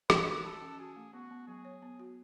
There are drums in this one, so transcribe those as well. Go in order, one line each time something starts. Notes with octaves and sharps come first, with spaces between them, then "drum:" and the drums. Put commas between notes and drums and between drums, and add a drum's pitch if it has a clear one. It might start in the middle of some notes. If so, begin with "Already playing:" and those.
E3 B4, drum: rim click
E3
F#4 A4
C#4
F#4 G#4
A3
B3 F#4
B3
F#3 G#4
C#5
B3
F#4